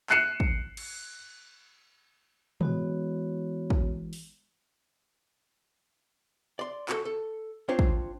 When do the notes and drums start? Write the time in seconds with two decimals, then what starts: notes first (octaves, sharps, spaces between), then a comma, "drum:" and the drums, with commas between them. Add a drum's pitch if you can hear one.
0.10 F#6 C7 C#7 D#7 E7, drum: clap
0.40 drum: kick
0.77 drum: cymbal
2.61 E3 G#3 B3 F#4 C#5, drum: tom
3.70 drum: kick
4.13 drum: open hi-hat
6.59 D5 C6
6.89 F#4 A4, drum: clap
7.05 A4
7.68 C4 D4 F4 C5 C#5
7.79 drum: kick